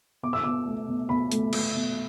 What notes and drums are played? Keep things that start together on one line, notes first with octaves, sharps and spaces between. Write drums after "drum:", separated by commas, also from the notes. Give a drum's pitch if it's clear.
B2 D6
E6
B2 D6
A3
B2
B2 B5
A3, drum: hi-hat
A3, drum: cymbal
B2